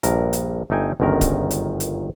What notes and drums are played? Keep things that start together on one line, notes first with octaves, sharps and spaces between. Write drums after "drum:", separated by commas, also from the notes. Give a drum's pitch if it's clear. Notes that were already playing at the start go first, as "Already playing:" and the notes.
A#1 G2 A#4, drum: hi-hat
drum: hi-hat
G1 A3 D#4 G5 G#5
G1 C#2 F#2 D#3 A#4
drum: kick D1, hi-hat
drum: hi-hat
drum: hi-hat